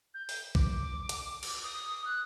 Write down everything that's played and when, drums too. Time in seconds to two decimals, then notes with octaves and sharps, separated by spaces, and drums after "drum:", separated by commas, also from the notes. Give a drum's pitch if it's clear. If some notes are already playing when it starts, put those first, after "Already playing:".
0.14 G6
0.29 drum: open hi-hat
0.55 D6, drum: kick
1.09 drum: hi-hat
1.43 drum: cymbal
1.63 D#6
2.05 F#6